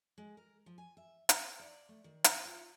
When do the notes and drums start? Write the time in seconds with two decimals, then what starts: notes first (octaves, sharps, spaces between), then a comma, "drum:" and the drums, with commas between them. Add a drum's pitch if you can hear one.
0.18 G#3
0.37 A#4
0.66 F3
0.78 G#5
0.97 E5
1.29 B3, drum: hi-hat
1.59 D5
1.89 A3
2.04 D#3
2.24 E4, drum: hi-hat
2.45 F4